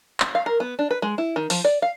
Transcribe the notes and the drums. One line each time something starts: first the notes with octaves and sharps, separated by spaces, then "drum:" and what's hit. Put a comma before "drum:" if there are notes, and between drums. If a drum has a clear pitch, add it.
drum: clap
F5
A#4
B3
D4
B4
G#3
E4
D#3
F3, drum: open hi-hat
D5
F5